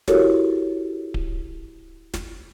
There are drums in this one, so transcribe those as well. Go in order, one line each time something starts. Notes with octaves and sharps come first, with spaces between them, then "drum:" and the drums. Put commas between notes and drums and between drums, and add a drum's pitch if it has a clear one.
E4 F#4 G4 A4 A#4 C#5, drum: snare
drum: kick D1
drum: snare